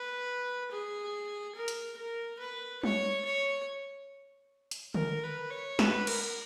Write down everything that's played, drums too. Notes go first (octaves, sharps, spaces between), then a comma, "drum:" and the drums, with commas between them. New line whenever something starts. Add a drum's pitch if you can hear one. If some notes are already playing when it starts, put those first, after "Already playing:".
Already playing: B4
G#4
A#4
drum: hi-hat
A#4
B4
C#5, drum: tom G3
C#5
drum: hi-hat
A#4, drum: tom D3
B4
C#5
B4, drum: snare
A#4, drum: cymbal